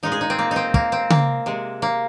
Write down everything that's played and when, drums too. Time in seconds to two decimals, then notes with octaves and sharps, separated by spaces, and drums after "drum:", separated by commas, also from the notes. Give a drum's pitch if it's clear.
0.03 A#2 G#3 D#4
0.12 G#4
0.21 D#4
0.30 C4
0.39 A#3
0.51 C4 D#4
0.74 A#3, drum: kick
0.92 C4
1.10 A#3, drum: tom C#3
1.46 C3 G#3
1.82 A#3